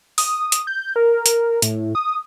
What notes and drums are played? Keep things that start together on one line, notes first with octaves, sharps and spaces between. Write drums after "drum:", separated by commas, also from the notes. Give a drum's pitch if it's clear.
D#6, drum: open hi-hat
drum: hi-hat
G6
A#4
drum: hi-hat
A2, drum: hi-hat
D#6